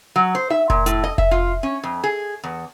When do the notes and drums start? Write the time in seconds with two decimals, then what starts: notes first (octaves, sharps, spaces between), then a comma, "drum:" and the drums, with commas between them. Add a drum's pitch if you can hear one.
0.16 F#3
0.35 C5
0.50 E5, drum: tom D#4
0.70 A#2, drum: kick F1
0.86 A2, drum: hi-hat
1.04 D#5
1.18 E5, drum: kick F1
1.31 F4
1.63 C#4
1.83 F2
2.04 G#4
2.44 E2